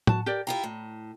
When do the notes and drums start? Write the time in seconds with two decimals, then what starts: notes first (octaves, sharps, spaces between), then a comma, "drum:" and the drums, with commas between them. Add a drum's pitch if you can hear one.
0.07 F#4 A5, drum: tom
0.26 G4 A#4 D5
0.47 E4 F4 G4 A#5
0.64 A2